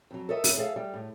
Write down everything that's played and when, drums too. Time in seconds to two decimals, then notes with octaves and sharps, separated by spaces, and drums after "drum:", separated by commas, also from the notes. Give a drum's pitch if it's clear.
0.11 F2 F#3
0.29 A4 A#4 C#5 D#5 E5
0.44 drum: open hi-hat
0.57 G#4 A4 D5 E5 F5
0.76 G3
0.94 A2